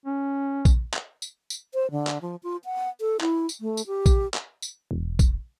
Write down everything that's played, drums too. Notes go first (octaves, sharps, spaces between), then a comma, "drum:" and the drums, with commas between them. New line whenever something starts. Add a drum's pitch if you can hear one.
C#4
drum: kick A#1, tambourine
drum: clap
drum: tambourine
drum: tambourine
C5
D3
drum: clap
F3
F4
F#5
A4
E4, drum: clap
drum: tambourine
A3
drum: tambourine
G4
drum: kick A#1, tambourine
drum: clap
drum: tambourine
E1
drum: kick A#1, tambourine